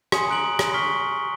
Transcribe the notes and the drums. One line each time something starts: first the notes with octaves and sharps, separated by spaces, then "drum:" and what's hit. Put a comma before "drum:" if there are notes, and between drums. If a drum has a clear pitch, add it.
G#5 C6 D#6 C#7, drum: rim click
A#5 D#6 F#6 D7 F#7
drum: rim click
G#5 C#6 F6 B6 G7